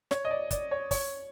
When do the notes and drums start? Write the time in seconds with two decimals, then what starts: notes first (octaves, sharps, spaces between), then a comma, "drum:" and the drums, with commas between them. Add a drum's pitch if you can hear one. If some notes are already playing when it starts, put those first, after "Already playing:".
0.11 C#5, drum: snare
0.25 D#5
0.31 D5
0.51 D5, drum: kick, hi-hat
0.71 C#5
0.91 C#5, drum: kick, open hi-hat